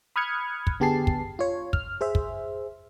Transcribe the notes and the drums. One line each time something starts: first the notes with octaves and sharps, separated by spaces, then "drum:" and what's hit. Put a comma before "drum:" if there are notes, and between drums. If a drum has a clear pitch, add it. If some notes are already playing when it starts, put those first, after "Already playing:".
B5 D#6 F6 F#6 G#6 C#7
drum: kick
D3 B3 G4 G#4 A5 C7
drum: kick
F4 C#5
F6, drum: kick
G#4 C5 E5
drum: kick